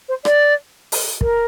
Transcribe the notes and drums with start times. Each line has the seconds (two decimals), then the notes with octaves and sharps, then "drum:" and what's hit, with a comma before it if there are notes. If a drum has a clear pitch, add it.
0.09 C5
0.25 D5, drum: rim click
0.92 drum: open hi-hat
1.21 A#4, drum: kick